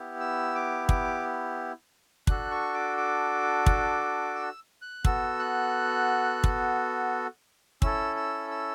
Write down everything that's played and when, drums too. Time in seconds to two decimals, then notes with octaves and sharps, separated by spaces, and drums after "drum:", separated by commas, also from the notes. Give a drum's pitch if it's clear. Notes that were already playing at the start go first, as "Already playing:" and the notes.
Already playing: B3 E4 G4
0.20 E6
0.55 D6
0.89 D6, drum: kick
2.27 D4 F#4 A4 F#6, drum: kick
2.51 C#6
2.74 D6
2.97 D6
3.66 drum: kick
4.35 E6
4.82 F#6
5.05 B3 F#4 A4 E6, drum: kick
5.39 F#6
6.44 drum: kick
7.82 C#4 E4 A4 E6, drum: kick
8.16 E6
8.51 E6